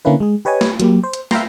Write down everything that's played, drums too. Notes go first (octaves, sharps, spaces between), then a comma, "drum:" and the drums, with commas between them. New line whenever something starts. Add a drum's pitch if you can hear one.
D3 A#3 C#4 E4 B4
G#3 G#4
G4 B4 C#5 D#5 G#5
drum: snare
F#3 A#3 G4, drum: hi-hat
C5
drum: hi-hat
E5 F5 G5 A#5 C6, drum: snare